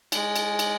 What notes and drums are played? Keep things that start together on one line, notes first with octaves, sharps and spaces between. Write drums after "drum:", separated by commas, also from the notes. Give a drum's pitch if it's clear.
G#3, drum: cymbal
drum: cymbal
drum: cymbal